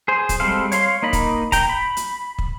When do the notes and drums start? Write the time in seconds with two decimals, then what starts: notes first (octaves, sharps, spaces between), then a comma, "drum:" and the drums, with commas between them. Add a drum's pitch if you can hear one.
0.08 G#4 C5
0.29 drum: kick, hi-hat
0.40 G3 G#3 C4 A4 F5
0.72 C#5 F5 C6, drum: hi-hat
1.02 A#3 D#4 D#5 B5
1.13 drum: kick, hi-hat
1.52 G5 A#5, drum: kick, hi-hat
1.69 B5
1.97 drum: hi-hat
2.39 drum: kick